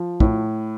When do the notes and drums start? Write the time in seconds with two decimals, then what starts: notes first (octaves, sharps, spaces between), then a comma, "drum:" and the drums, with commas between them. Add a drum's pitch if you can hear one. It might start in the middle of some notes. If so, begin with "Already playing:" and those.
Already playing: F3
0.20 A2, drum: kick